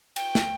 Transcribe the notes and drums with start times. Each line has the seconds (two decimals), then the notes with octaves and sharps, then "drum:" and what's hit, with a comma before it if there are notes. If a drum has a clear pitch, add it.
0.16 G5, drum: cymbal
0.35 drum: snare